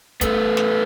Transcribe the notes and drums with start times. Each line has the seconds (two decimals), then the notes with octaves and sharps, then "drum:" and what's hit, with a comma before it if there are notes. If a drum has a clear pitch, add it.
0.21 A3 B3, drum: kick, hi-hat
0.57 drum: snare